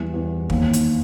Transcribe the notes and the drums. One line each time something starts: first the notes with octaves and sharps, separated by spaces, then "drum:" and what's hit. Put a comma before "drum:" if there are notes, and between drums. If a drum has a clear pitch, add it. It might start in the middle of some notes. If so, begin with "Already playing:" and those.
Already playing: E2 G3
E2
D#2, drum: kick
drum: hi-hat